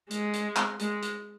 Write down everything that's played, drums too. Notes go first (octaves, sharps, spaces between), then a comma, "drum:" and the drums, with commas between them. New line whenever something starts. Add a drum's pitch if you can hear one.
G#3, drum: hi-hat
drum: hi-hat
drum: clap
G#3, drum: hi-hat
drum: hi-hat